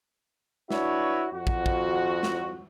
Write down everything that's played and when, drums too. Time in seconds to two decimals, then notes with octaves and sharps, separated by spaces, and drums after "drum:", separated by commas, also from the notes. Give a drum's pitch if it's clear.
0.71 D4 E4 F#4 B4 C#5, drum: snare
1.33 F2 F#4
1.47 drum: kick
1.66 drum: kick
2.23 drum: snare